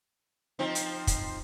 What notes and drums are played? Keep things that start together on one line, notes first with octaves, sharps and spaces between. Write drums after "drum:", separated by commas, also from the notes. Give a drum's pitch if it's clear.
F3 C4 D#4
drum: hi-hat
drum: kick, hi-hat